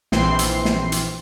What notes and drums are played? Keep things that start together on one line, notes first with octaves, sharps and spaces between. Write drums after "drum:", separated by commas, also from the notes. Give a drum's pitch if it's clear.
A#1 E3 C4 C6 C7, drum: snare
drum: hi-hat
drum: snare
drum: hi-hat